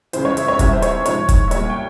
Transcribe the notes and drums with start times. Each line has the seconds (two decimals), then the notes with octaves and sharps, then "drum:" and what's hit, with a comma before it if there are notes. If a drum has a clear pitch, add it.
0.13 C#2 C#3 E3 C5, drum: hi-hat
0.25 C#5
0.37 E5, drum: hi-hat
0.48 C#5
0.59 C2 C3 E3 G3 E5, drum: kick, hi-hat
0.73 C5
0.82 C#5, drum: hi-hat
1.06 G#2 F3 C#5, drum: hi-hat
1.29 drum: kick, hi-hat
1.48 E5
1.51 C2 A#2 G3 C#5, drum: hi-hat
1.70 G5